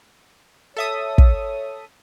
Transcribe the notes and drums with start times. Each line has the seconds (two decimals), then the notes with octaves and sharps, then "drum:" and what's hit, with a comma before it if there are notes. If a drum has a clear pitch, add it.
0.76 A4 C#5 E5 D#6
1.18 drum: kick